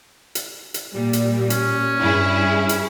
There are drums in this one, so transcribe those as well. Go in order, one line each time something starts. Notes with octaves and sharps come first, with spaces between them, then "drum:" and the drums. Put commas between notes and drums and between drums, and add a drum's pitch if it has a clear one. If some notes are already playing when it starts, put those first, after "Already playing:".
drum: hi-hat
drum: hi-hat
A#2 G3
drum: hi-hat
C#4, drum: hi-hat
G2 E4 G#4
drum: hi-hat